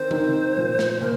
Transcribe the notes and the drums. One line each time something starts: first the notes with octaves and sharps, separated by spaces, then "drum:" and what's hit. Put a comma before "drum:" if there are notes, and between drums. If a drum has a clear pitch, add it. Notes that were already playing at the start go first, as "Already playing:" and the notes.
Already playing: D#3 C4 D#4 A#4 C5
D#3 C4 D#4 A#4, drum: tom C#3
A#2 F3 A#3 F4
drum: snare
A#2 A#4